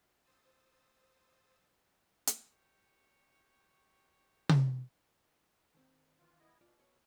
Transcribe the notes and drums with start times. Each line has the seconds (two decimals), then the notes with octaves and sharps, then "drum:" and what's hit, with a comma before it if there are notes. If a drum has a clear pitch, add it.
0.24 C5 D#6 E6 A6
2.27 drum: hi-hat
2.52 G4 C#5
4.49 drum: tom C3
5.74 D#3 C4
6.18 E3 F4
6.39 B3 E4 D#5
6.61 B1 B2 F4 D5
6.80 C#5